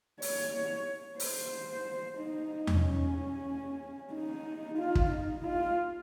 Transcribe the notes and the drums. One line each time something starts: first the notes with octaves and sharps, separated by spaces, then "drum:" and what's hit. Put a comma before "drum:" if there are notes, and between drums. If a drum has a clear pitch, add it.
C#5, drum: open hi-hat
C5, drum: open hi-hat
D#4
drum: tom E2
C#4
D#4
F4
drum: kick
D#4
F4